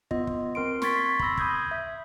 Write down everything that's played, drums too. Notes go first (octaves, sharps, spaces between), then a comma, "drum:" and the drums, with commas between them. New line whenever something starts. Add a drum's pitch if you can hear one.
B3 F4 D#5, drum: kick
drum: kick
C4 A#4 C6 D7
C6 C#6 G#6 A6 B6, drum: snare
B5 C6 E6 A#6, drum: kick
B5 D#6 G6 G#6 A#6, drum: kick
E5